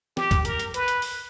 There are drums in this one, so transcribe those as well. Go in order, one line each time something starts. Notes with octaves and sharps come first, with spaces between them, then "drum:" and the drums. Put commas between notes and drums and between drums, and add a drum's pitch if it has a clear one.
G4, drum: snare
drum: kick, hi-hat
A#4, drum: hi-hat
drum: hi-hat
B4, drum: hi-hat
drum: hi-hat
drum: open hi-hat